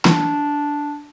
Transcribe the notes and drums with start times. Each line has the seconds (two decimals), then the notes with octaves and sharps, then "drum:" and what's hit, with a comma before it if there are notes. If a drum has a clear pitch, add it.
0.05 D4, drum: snare